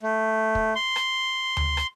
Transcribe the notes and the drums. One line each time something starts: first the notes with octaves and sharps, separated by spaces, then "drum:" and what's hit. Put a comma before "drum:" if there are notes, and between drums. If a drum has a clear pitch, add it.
A3
drum: kick
C6
drum: rim click
drum: tom D2
drum: rim click